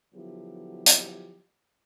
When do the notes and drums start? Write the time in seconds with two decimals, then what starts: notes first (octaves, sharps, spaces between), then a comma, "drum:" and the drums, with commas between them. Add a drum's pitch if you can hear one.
0.15 D3 F3 F#3 B3 E4 G4
0.86 drum: hi-hat